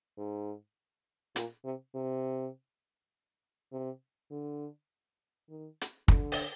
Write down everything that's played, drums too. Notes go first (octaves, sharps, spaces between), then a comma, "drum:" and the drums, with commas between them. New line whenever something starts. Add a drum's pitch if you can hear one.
G#2
A#2, drum: hi-hat
C3
C3
C3
D3
D#3
drum: hi-hat
D3, drum: kick
drum: open hi-hat